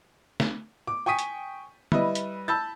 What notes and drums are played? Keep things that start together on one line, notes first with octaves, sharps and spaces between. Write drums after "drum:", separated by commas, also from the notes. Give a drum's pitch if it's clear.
drum: snare
D6
G5 G#5 C#6 D#6 B6 D#7
drum: hi-hat
G3 E4 B4 D#5, drum: tom
drum: hi-hat
A5 B5 E6 G6 A6